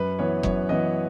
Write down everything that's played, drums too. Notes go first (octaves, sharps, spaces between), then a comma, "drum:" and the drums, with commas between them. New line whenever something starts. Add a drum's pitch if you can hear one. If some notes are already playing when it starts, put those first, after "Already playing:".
Already playing: F#2 B4
E3 B3 C#5
F#2 C#5, drum: kick F#1
E3 B3 D#5